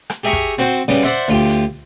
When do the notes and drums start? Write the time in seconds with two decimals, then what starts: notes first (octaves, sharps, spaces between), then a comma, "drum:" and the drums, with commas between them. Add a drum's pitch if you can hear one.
0.10 drum: rim click
0.24 G4 G#4 E5 A#5 C#6
0.33 drum: kick, hi-hat
0.58 C4 F#4 C5, drum: hi-hat
0.88 C#3 G3 B3
1.03 C5 D5 E5 F#5 C6, drum: hi-hat
1.28 D2 F4 G4, drum: hi-hat
1.50 drum: hi-hat